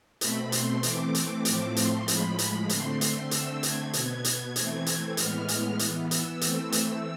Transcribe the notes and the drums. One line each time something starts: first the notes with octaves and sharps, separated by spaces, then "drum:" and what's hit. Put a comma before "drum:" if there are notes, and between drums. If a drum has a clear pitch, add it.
B2 A3 C4 B5, drum: hi-hat
C6, drum: hi-hat
E3 A3 C4 D6, drum: hi-hat
drum: hi-hat
A2 F3 A3 C4 D6, drum: hi-hat
C6, drum: hi-hat
A2 F3 G#3 B5, drum: hi-hat
drum: hi-hat
D3 A3 C4 C6, drum: hi-hat
C6, drum: hi-hat
D3 A3 C4 E6, drum: hi-hat
G#6, drum: hi-hat
B2 B3 G#6, drum: hi-hat
drum: hi-hat
E3 A3 C4, drum: hi-hat
drum: hi-hat
A2 E3 G#3 B3 F6, drum: hi-hat
drum: hi-hat
E3 B3, drum: hi-hat
E6, drum: hi-hat
E3 A3 C4, drum: hi-hat
drum: hi-hat